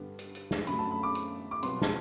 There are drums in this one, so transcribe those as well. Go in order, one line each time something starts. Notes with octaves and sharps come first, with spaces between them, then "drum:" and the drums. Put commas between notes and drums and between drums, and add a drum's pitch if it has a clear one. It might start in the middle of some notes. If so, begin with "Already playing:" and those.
Already playing: G2 D3 G3 B3
drum: hi-hat
drum: hi-hat
drum: snare
F#2 D3 F#3 A3 B5, drum: hi-hat
A5
B5
D6
drum: hi-hat
D6
C2 B2 F#3 B3 C6, drum: hi-hat
A5, drum: snare